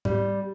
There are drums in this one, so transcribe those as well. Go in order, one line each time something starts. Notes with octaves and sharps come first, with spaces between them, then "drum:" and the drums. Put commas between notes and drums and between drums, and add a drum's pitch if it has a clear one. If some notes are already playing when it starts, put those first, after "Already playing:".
G3, drum: tom G#2